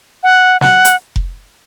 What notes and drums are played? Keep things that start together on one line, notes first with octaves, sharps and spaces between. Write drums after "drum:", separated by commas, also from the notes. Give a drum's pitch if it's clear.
F#5
F#5, drum: snare
drum: hi-hat
drum: kick F1